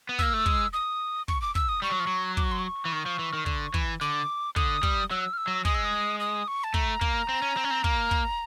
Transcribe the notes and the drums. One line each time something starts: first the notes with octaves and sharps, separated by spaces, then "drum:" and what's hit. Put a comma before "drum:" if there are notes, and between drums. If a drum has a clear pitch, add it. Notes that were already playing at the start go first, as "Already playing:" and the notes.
B3
A#3 E6, drum: kick
A3
G#3, drum: kick
D#6
C#6, drum: kick
D6
E6, drum: kick
D#6
G3 C#6
F#3
F3
F#3
D6, drum: kick
C#6
C6
C#6
E3
D#3
F3
E3
D#3
D3, drum: kick
E3, drum: kick
D3 D6
D3 D#6, drum: kick
G3, drum: kick
F#3 E6
F6
E6
F#3
G#3 D#6, drum: kick
E6
D#6
D#6
C#6
A5
A3 A#5, drum: kick
A#3, drum: kick
C4
C#4
C4
C#4
C4
A#3, drum: kick
drum: kick